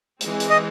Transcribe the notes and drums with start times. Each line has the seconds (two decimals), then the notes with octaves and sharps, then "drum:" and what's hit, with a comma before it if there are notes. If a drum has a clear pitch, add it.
0.21 E3 G#3 C4, drum: hi-hat
0.40 drum: hi-hat
0.50 D#5